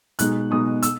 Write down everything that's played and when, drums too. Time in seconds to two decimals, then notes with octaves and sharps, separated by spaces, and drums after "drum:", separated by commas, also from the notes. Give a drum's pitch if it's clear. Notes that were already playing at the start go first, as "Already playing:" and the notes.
0.19 B2 G#3 D#4 F#6, drum: hi-hat
0.51 B2 G#3 D#4 D#6
0.82 E6, drum: hi-hat